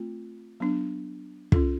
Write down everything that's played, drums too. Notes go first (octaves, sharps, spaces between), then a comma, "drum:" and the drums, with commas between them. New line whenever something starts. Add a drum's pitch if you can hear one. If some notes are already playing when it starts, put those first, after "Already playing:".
Already playing: A3 C4 F4
F#3 B3 D4
C#4 F4 A4, drum: kick